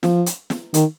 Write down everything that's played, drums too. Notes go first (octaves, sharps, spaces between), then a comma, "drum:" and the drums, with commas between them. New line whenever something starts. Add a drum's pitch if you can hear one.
F3, drum: snare
drum: hi-hat
drum: snare
D#3, drum: hi-hat